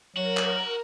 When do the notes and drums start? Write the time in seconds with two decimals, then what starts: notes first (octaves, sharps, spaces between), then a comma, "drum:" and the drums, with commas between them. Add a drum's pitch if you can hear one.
0.17 F#3 F#4 A#4
0.37 drum: clap